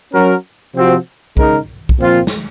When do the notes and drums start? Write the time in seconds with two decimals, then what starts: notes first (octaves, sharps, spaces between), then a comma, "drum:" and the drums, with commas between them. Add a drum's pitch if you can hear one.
0.11 F#3 C#4 F#4 A#4
0.75 C3 F3 C4 F#4
1.37 C#3 G#3 D#4 A#4, drum: kick
1.89 drum: kick
1.99 A#2 F3 C4 F4
2.27 drum: snare